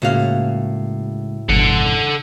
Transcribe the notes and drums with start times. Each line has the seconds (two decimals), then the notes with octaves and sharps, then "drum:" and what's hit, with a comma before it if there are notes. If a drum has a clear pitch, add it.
0.02 C#2 A2 C#3 A#3 F#4 F5
1.49 E2 G2 B2 A4 F#5, drum: kick G1